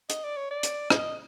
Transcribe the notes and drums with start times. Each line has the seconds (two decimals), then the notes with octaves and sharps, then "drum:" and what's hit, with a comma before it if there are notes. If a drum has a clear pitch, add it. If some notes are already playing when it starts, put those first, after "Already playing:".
0.10 D#5, drum: hi-hat
0.24 D5
0.37 C#5
0.51 D5
0.63 drum: hi-hat
0.90 D#5, drum: rim click